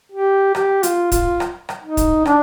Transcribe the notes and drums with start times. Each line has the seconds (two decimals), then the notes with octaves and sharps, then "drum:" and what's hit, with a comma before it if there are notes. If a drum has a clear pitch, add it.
0.12 G4
0.55 G4, drum: rim click
0.83 F4, drum: hi-hat
1.12 F4, drum: kick, hi-hat
1.40 drum: rim click
1.69 drum: rim click
1.83 D#4
1.97 drum: kick, hi-hat
2.25 D4, drum: rim click